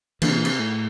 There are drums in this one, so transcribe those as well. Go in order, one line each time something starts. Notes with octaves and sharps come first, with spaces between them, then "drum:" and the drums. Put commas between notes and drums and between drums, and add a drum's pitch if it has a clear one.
D3 E3 A#3 D4, drum: cymbal
C3
A#2
C3, drum: cymbal
A2